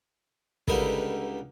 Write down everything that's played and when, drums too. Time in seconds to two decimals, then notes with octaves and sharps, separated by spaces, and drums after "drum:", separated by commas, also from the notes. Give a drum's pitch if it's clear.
0.68 C#2 D3 G3 D#4 A#4 B4, drum: kick